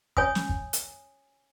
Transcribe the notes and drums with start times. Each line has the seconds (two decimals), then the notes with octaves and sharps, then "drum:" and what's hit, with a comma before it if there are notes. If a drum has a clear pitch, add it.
0.17 C#5 G#5 D#6, drum: kick
0.35 drum: snare
0.49 drum: kick
0.73 drum: hi-hat